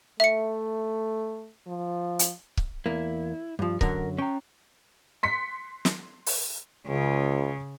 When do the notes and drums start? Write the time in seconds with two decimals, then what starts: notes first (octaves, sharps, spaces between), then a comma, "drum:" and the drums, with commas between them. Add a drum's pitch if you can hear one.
0.20 A3 E5 C#7
1.67 F3
2.19 drum: hi-hat
2.57 drum: kick C#1
2.86 E2 A#3 E4
3.59 G2 F3
3.81 F#2 D3 F#3 A#4, drum: kick C#1
4.18 C#4 G5 A#5
5.23 C6 B6 C#7
5.85 drum: snare
6.26 drum: open hi-hat
6.87 C#2 C#3